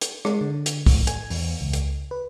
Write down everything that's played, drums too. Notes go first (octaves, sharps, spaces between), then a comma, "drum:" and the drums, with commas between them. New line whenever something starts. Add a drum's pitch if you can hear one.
drum: hi-hat
G#3, drum: rim click
D3
drum: hi-hat
A2, drum: kick, open hi-hat
G#5, drum: hi-hat
E2, drum: open hi-hat
C#2
drum: hi-hat
B4